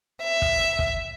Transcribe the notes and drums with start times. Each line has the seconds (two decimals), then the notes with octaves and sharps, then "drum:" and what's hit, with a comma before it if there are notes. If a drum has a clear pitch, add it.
0.23 E5
0.42 drum: kick
0.79 drum: kick